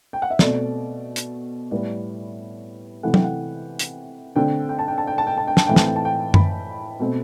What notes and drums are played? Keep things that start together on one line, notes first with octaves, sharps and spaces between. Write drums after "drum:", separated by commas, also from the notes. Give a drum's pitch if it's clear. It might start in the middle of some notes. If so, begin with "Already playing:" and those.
G5
F#5
E5
B2 A3 C4 D5, drum: snare
drum: hi-hat
A2 G3 B3 D5
C3 E3 A3 F#5
G5, drum: tom F#3
F#5
drum: hi-hat
D3 A3 C4 G5
G5
A5
G5
A5
G5
A5
G5
A5
G5
A5, drum: snare
A2 E3 A3 C4 G5
A5, drum: snare
G5
A5
G5
B5, drum: tom F#2
B2 A3 C4